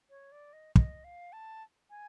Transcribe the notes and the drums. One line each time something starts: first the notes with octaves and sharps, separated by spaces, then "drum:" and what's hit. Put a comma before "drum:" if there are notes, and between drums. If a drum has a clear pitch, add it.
C#5
D5
D#5
D#5, drum: kick
F5
A5
G#5